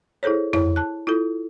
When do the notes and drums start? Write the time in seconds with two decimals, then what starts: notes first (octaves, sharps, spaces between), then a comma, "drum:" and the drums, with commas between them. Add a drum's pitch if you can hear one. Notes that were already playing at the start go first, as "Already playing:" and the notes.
0.23 E4 G#4 A4 C5 C#5
0.53 E4 C#5, drum: tom F2
0.76 A5 F#6
1.07 E4 F4 A4